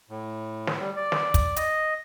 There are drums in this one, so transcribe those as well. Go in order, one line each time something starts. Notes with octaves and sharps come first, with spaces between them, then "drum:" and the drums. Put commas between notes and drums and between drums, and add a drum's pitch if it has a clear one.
A2
drum: snare
G3
D5
drum: snare
drum: kick, hi-hat
D#5, drum: hi-hat